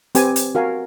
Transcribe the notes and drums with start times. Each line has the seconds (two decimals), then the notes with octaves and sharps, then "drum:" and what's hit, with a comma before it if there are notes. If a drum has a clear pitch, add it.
0.15 C4 G4 B4 G#5, drum: hi-hat
0.36 drum: hi-hat
0.55 F#4 A#4 F5 G#5